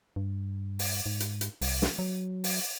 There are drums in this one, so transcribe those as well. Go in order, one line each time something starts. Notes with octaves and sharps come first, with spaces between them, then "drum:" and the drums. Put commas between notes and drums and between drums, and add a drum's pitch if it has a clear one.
G2
drum: open hi-hat
G#2
drum: hi-hat
drum: hi-hat
C2, drum: open hi-hat
drum: snare
F#3
drum: open hi-hat